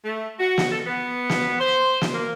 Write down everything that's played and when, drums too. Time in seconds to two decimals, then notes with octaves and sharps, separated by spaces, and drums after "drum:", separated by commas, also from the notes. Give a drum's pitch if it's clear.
0.05 A3
0.40 F#4
0.58 drum: snare
0.72 A4
0.86 B3
1.30 drum: snare
1.60 C5
2.01 drum: snare
2.13 A#3